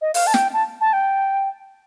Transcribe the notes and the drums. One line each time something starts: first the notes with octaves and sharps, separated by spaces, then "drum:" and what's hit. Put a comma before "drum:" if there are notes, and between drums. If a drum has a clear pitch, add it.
D#5
F5, drum: open hi-hat
A5
G5, drum: snare
A5
A5
G5